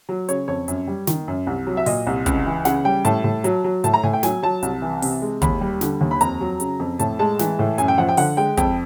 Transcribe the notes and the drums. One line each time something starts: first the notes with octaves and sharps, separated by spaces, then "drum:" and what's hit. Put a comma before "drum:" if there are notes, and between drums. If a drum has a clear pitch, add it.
F#3
C#3 C#5, drum: hi-hat
F2 C#5
F#2, drum: hi-hat
G3
D#3, drum: snare
F#2
C2
F#3
E5
A#2 D#5, drum: open hi-hat
C2
C#2, drum: kick, hi-hat
E3
C#3 F#5, drum: snare
G3 G5
A2 A5, drum: hi-hat
A2
F#3, drum: hi-hat
F#3
A2 A5, drum: hi-hat
A#5
A2 G#5
G5
F#3 G#5, drum: snare
F#3 A5
C2, drum: hi-hat
E3
C3, drum: open hi-hat
G#3
D#2 B5, drum: kick, hi-hat
G3
D3, drum: snare
D#2
B5
F2 A#5, drum: hi-hat
F#3
C#3, drum: hi-hat
F2
A2 A5, drum: hi-hat
G#3 A5
E3, drum: snare
A2
F#2 G#5, drum: hi-hat
G5
F3 F#5
G5
D3 F#5, drum: open hi-hat
G#3 G5
F2 G5, drum: kick, hi-hat